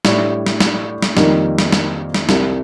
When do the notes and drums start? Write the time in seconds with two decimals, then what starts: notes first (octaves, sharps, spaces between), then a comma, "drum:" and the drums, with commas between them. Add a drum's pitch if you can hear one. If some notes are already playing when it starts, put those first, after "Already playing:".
0.05 A2 G3 D4, drum: snare
0.46 drum: snare
0.60 drum: snare
1.02 drum: snare
1.17 F2 D#3 G3 A#3 D#4, drum: snare
1.58 drum: snare
1.72 drum: snare
2.14 drum: snare
2.29 C2 C3 G3, drum: snare